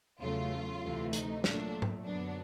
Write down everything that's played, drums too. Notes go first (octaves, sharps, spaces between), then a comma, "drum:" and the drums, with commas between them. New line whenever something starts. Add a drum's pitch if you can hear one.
E2 C#3 F#3 A3 F4
D2 C3 E3 A3
D#4, drum: hi-hat
A#2 F#3 A3 D4, drum: snare
drum: tom G#2
F#2 D3 F#3 B3 D4